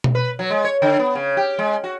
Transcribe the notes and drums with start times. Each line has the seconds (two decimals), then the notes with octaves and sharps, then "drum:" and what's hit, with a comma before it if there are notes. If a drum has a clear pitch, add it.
0.04 drum: tom B2
0.15 B4
0.39 F#3
0.50 G#3
0.64 C#5
0.82 D3
0.99 B3
1.15 C#3
1.37 G4
1.59 G#3
1.84 F#4